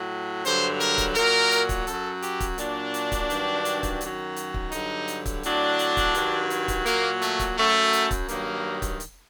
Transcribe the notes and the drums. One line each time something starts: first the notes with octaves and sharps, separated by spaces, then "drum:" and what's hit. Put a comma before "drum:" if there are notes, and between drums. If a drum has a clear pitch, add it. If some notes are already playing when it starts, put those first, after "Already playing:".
Already playing: A2 F#3
G2 D3 F#3 C5, drum: hi-hat
A#4, drum: hi-hat
drum: kick, hi-hat
A#2 F#3 A#4, drum: hi-hat
drum: hi-hat
drum: kick, hi-hat
F#2 F#3 A4, drum: hi-hat
G4, drum: hi-hat
drum: kick, hi-hat
A#2 F#3 D4, drum: hi-hat
drum: hi-hat
drum: kick, hi-hat
G2 D#3 F#3, drum: hi-hat
drum: hi-hat
drum: kick, hi-hat
F#2 D#3 F#3, drum: hi-hat
drum: hi-hat
drum: kick
G2 D3 F#3 D#4, drum: hi-hat
drum: hi-hat
drum: kick, hi-hat
A2 F#3 D4, drum: hi-hat
drum: hi-hat
drum: kick, hi-hat
G2 D#3 F#3, drum: hi-hat
drum: hi-hat
drum: kick, hi-hat
A#2 F#3 A#3, drum: hi-hat
A3, drum: hi-hat
drum: kick, hi-hat
F#2 F#3 A3
drum: hi-hat
drum: kick, hi-hat
G2 D#3 F#3 A#3, drum: hi-hat
drum: kick, hi-hat
drum: hi-hat